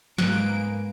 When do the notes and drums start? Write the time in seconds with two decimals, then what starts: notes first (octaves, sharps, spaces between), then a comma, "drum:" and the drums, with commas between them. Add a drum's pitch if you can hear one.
0.18 G#2 G#3 A#3 B3 F#6 D7 D#7, drum: snare